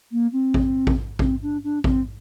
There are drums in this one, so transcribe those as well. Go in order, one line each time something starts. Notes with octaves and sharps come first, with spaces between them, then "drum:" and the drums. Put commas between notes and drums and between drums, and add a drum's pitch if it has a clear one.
A#3
C4
drum: kick A1
drum: kick A1
C4, drum: kick A1
D4
D4
C4, drum: kick A1